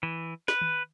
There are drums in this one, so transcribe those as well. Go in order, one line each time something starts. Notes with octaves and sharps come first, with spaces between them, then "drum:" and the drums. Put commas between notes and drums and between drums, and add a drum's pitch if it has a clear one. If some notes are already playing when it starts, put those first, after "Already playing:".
E3
B4, drum: snare
drum: tom D#3